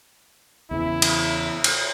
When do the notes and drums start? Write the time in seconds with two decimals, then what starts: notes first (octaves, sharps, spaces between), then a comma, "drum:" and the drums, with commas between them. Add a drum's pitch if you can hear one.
0.71 E2 C#3 E3 E4
1.02 drum: cymbal
1.64 drum: cymbal